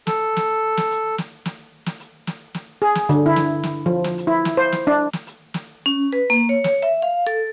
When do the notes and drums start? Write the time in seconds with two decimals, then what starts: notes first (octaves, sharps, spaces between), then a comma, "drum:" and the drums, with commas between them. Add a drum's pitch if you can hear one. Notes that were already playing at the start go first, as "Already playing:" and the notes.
0.07 A4, drum: snare
0.37 drum: snare
0.77 drum: snare
0.91 drum: hi-hat
1.18 drum: snare
1.45 drum: snare
1.86 drum: snare
2.00 drum: hi-hat
2.27 drum: snare
2.54 drum: snare
2.82 G#4
2.95 drum: snare
3.09 D3, drum: hi-hat
3.26 E4
3.36 drum: snare
3.63 drum: snare
3.86 F3
4.04 drum: snare
4.18 drum: hi-hat
4.27 E4
4.45 drum: snare
4.57 C5
4.72 drum: snare
4.87 D4
5.13 drum: snare
5.27 drum: hi-hat
5.54 drum: snare
5.86 C#4
6.13 B4
6.30 A#3
6.49 C#5
6.64 C#5, drum: snare
6.82 E5
7.02 F5
7.27 A4